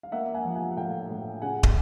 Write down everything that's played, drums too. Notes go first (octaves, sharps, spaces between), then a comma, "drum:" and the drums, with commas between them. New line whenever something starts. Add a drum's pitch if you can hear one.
F5
A#3 E5 F#5
F#5 G#5
F3
F#5 G#5
F#5
A2 F5 G5
A2
C#3 F#5 G#5
drum: kick